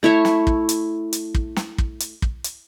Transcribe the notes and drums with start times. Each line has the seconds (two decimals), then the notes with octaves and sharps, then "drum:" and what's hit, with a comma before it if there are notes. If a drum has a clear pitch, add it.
0.03 A3 E4 C#5 E5
0.25 drum: snare
0.47 drum: kick
0.69 drum: hi-hat
1.13 drum: hi-hat
1.35 drum: kick
1.56 drum: snare
1.78 drum: kick
2.00 drum: hi-hat
2.22 drum: kick
2.44 drum: hi-hat